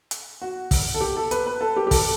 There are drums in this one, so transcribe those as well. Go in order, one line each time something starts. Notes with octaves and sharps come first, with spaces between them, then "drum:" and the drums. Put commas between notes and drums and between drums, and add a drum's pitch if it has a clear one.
drum: hi-hat
F#4
drum: kick, open hi-hat
A4
G4
A4
B4, drum: hi-hat
B4
A4
G4
G4
A4, drum: kick, open hi-hat